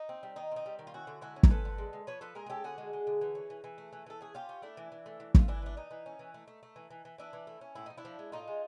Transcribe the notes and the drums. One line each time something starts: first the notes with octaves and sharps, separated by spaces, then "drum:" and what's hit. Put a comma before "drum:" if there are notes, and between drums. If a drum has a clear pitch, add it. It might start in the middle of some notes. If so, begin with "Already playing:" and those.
Already playing: D#4
C4
G3
D#3 D#4
C4 D#4
G3
D#3
F4
C#4 E4 F#4
D3
G#3 E4 F#4
C#4
A#4, drum: kick
F3 A4 B4
D3
G#3
G#3
F3 B4 C#5
F3 A4 B4
G#3 G#4 A#4
G#4
C#4 G4 A4
D3 F#4 G#4
G#3
G#3
D3
E3
C#4
E3
E3
A3
E3
E3 A4
C#4 G#4
C#4 F4 G4
C#4
A3 D4 E4
E3
E3
A3
E3
A3 F4, drum: kick
E3 D4 E4
E3 D4
E3 D#4
E3
C#4
E3
A3
A3
A3
E3
E3
E3
E3 D4 E4
E3
A3
C#4
A2 E4
F3 D#4
D4 E4
F3
G#3
A2 D#4 F4
G#3